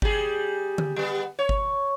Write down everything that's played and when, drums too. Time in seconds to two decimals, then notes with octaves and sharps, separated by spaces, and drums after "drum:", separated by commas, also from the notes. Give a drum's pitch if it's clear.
0.02 G3 G#4, drum: kick G1
0.78 drum: tom D3
0.96 G3 B3
1.39 C#5
1.49 drum: kick G1